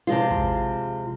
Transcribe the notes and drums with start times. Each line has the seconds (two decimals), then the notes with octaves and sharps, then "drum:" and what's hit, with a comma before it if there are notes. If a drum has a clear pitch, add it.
0.07 C3 F3 G#3 F4
0.31 drum: kick